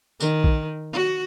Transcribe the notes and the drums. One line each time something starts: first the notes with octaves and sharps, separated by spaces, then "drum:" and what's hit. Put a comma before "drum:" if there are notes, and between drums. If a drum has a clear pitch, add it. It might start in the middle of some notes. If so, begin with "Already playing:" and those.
D#3, drum: tambourine
drum: kick A#1
F#4